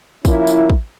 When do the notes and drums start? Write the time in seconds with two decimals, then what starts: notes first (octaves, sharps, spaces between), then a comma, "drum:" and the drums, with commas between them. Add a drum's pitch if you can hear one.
0.25 F3 A#3 C#4 E4, drum: kick, tambourine
0.47 drum: tambourine
0.70 drum: kick